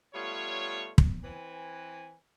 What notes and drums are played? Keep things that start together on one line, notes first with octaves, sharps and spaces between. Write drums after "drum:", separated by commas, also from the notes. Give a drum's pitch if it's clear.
G3 A3 B3 F4 C#5
drum: kick
E3 C4 B4 G#5